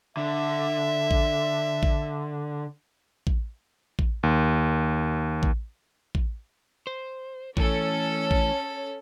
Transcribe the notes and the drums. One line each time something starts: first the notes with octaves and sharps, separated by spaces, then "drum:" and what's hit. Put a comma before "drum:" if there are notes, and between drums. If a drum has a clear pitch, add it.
D3 E5
drum: kick A1
drum: kick A1
drum: kick A1
drum: kick A1
D#2
drum: kick A1
drum: kick A1
C5
E3 A3 C#4 A4, drum: kick A1
drum: kick A1